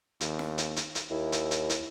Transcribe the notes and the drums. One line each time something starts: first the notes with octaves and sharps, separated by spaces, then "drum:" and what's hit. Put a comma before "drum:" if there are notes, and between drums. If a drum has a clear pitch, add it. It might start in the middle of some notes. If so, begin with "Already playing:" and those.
D#2, drum: hi-hat
drum: snare
drum: hi-hat
drum: hi-hat
drum: hi-hat
D#2 E4
drum: hi-hat
drum: hi-hat
drum: hi-hat